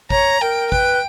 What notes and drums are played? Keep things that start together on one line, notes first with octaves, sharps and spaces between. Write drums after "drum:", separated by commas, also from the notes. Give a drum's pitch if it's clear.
C#5 A#5, drum: kick
A#4 G5
B4 G5, drum: kick